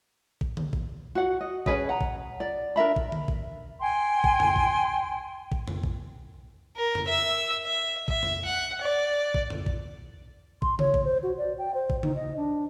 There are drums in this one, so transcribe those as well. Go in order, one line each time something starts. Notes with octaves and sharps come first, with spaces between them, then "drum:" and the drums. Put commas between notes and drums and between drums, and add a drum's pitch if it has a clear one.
drum: kick A1
drum: tom D3
drum: kick A1
F#4 F#5
D#5
C#4 G#4 B4 D#5, drum: kick A1
F#5 A#5
drum: kick A1
D5
D4 A#4 E5 B5
drum: kick A1
drum: tom D3
drum: kick A1
G5 G#5 C6
drum: kick A1
drum: tom F2
drum: kick A1
drum: kick A1
drum: tom F2
drum: kick A1
A#4
drum: tom F2
E5 E6
E5
E5, drum: kick A1
drum: tom F2
F#5
D5
drum: kick A1
drum: tom F2
drum: kick A1
C6, drum: kick A1
C#5, drum: tom C#3
drum: kick A1
C5
F#4
D5
G5
C5
drum: kick A1
D#4, drum: tom C#3
D#5
D4